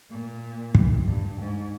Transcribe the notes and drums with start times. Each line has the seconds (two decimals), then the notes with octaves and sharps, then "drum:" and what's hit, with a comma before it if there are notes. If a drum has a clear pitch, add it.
0.10 A#2
0.75 drum: kick
1.06 G2
1.40 G#2